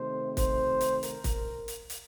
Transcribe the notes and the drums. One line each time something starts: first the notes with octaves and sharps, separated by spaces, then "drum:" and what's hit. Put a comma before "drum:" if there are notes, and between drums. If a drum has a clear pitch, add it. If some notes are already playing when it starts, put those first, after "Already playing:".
Already playing: C3 D#3 A3 C4 C5
C5, drum: kick, hi-hat
drum: hi-hat
A#4, drum: hi-hat
drum: kick, hi-hat
drum: hi-hat
drum: hi-hat